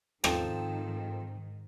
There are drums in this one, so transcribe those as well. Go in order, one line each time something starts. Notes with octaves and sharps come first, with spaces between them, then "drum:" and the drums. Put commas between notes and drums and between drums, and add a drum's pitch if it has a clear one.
G#2 D#3 F3 C4 D#4 A4 G5, drum: rim click